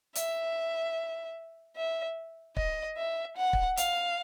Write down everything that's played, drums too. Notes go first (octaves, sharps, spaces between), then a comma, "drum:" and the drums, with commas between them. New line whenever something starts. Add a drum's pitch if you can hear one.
E5, drum: hi-hat
E5
D#5, drum: kick
E5
F#5
drum: kick
F5, drum: hi-hat